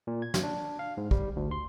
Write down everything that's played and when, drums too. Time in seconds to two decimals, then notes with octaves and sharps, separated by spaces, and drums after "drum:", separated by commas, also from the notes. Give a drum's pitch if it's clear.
0.07 A#2
0.22 G#6
0.34 drum: snare
0.43 D4
0.79 F5
0.97 G#2
1.11 G3, drum: kick
1.36 D2
1.51 C6